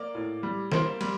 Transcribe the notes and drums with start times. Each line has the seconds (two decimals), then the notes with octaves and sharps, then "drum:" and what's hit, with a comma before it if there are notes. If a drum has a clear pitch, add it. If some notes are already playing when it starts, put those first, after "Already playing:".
Already playing: A#3 D5
0.15 A2
0.43 G3
0.72 A#3 C5, drum: snare
1.01 G3, drum: cymbal